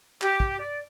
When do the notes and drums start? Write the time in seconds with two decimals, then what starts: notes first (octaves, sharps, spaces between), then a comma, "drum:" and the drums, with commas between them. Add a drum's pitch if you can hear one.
0.21 G4, drum: clap
0.40 drum: kick
0.59 D5